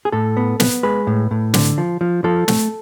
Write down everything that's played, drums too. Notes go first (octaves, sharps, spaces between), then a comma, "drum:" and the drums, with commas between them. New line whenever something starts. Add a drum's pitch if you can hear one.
G#4
A2 A4
B3
B3, drum: snare
G#3 B4
A2
A2
D3, drum: snare
F3
F3
F3 A4
A3, drum: snare